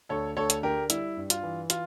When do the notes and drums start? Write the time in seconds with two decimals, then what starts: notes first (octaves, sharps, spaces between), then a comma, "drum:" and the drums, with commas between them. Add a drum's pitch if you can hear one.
0.09 D2 A4 C#5
0.36 D2 A4 C#5
0.50 drum: hi-hat
0.63 D3 G4 A#4
0.90 G3 E4, drum: hi-hat
1.17 G2
1.30 F4, drum: hi-hat
1.43 E3
1.70 F4, drum: hi-hat